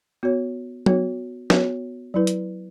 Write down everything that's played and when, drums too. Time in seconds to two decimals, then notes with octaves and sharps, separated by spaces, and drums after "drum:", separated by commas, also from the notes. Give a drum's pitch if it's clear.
0.23 B3 F#4 C#5
0.86 B3 F#4 C#5, drum: tom
1.50 B3 F#4 C#5, drum: snare
2.14 F#3 E4 B4
2.27 drum: hi-hat